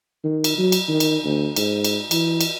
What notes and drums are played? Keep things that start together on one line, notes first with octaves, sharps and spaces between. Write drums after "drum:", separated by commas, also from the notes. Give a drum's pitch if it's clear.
D#3
drum: cymbal
F#3
drum: cymbal
D#3
drum: cymbal
D2
G#2, drum: cymbal
drum: cymbal
E3, drum: cymbal
drum: cymbal